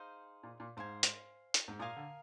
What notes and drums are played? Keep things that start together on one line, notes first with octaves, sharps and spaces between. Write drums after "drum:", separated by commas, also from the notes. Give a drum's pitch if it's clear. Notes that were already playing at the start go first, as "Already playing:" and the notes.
Already playing: D#4 G#4 C5 F5
A#2
A#2
G#2 C5 F5 G#5
drum: hi-hat
drum: hi-hat
G#2
A#2 A#4 F5 G#5 D#6
D3